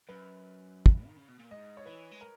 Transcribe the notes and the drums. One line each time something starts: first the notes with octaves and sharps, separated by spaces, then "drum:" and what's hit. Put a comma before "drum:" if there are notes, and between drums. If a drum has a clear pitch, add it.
F#2 B4
drum: kick
D#3
C#3
B2
A#2
G#2 D#5
C#5
E3 B4
G#3
A#4